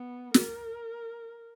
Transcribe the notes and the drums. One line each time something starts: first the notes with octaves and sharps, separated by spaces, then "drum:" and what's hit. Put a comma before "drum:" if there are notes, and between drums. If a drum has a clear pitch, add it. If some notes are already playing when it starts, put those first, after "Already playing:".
Already playing: B3
A#4, drum: snare